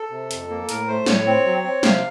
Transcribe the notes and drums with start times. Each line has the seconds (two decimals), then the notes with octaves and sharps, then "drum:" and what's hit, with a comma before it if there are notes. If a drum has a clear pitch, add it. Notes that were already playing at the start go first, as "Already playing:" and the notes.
Already playing: A4
0.11 C3
0.31 F2, drum: hi-hat
0.49 A#3
0.69 A2 A#4, drum: hi-hat
0.88 A3 C5
1.06 A2 C#5, drum: snare
1.26 C4
1.45 F#3
1.64 C4
1.83 C3 F5, drum: snare